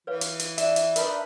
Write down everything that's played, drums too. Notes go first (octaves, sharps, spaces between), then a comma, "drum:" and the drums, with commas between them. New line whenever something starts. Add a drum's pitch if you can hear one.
E3 B4 C#5 F5
drum: hi-hat
drum: hi-hat
D5 E5, drum: hi-hat
drum: hi-hat
D4 D#4 A#4 B4 A#5 B5, drum: hi-hat